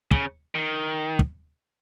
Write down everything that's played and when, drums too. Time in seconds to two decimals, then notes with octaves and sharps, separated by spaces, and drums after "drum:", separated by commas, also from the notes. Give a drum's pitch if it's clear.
0.11 C#3, drum: kick
0.55 D#3
1.19 drum: kick